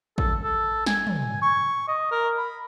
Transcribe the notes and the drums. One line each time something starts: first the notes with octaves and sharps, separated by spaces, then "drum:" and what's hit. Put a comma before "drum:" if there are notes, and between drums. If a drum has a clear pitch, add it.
A4, drum: kick A1
A4
G#5, drum: snare
drum: tom
C#6
D#5
A#4
B5